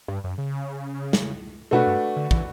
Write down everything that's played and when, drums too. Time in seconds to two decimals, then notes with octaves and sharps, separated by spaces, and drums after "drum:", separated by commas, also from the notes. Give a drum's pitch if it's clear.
0.08 G2
0.24 F#2
0.38 C#3
1.13 drum: snare
1.71 B2 A3 D4 F#4 B4
1.87 G2
2.16 D3
2.31 E3, drum: kick